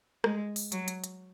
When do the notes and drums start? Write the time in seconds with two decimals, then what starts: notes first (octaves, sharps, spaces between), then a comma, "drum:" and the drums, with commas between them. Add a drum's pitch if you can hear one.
0.24 G#3, drum: rim click
0.56 drum: open hi-hat
0.72 F#3, drum: hi-hat
0.88 drum: hi-hat
1.04 drum: hi-hat